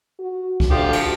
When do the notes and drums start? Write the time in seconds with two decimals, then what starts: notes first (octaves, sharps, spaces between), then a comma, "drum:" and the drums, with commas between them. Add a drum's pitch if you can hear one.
0.19 F#4
0.60 drum: kick C2
0.70 D2 F3 G4
0.93 drum: cymbal